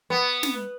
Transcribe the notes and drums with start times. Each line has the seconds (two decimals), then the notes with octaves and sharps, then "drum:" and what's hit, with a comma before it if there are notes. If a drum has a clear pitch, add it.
0.10 B3
0.43 drum: snare